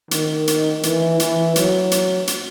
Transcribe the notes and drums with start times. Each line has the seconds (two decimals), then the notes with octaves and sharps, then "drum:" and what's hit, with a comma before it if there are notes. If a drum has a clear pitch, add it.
0.11 D#3, drum: hi-hat
0.47 drum: hi-hat
0.83 E3, drum: hi-hat
1.20 E3, drum: hi-hat
1.56 F#3, drum: hi-hat
1.91 drum: hi-hat
2.27 drum: hi-hat